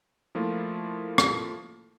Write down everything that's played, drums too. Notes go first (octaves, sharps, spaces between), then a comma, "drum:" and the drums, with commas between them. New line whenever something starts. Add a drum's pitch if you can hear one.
F3 A3 A#3 E4 F4
drum: rim click